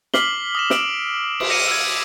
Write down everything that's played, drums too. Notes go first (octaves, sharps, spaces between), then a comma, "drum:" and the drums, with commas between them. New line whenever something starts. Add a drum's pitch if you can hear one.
D6 F6 B6 C7 F#7 G7, drum: snare
D#6 A#6 E7
E6 D7 E7 F#7, drum: snare
drum: cymbal
D6 A#6 C#7 D#7
E6 G#6